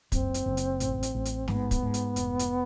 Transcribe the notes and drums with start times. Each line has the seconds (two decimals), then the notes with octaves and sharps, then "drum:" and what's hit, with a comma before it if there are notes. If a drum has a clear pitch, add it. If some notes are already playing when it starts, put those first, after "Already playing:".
0.12 F#1 C4, drum: kick, hi-hat
0.34 drum: hi-hat
0.46 F#1
0.57 drum: hi-hat
0.80 A1, drum: hi-hat
1.03 drum: hi-hat
1.15 A1
1.25 drum: hi-hat
1.48 G#2 B3, drum: snare
1.71 drum: kick, hi-hat
1.82 G#2
1.94 drum: hi-hat
2.16 F1, drum: hi-hat
2.39 drum: hi-hat